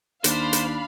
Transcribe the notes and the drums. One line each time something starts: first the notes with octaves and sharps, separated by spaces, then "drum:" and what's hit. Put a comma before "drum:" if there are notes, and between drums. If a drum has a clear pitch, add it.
D#2 D4 C5 F5 B5, drum: hi-hat
drum: hi-hat